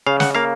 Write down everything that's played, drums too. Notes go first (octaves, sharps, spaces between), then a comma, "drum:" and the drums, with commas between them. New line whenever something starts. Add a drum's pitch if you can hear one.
C#3 F5
F#5, drum: snare
A#3 F5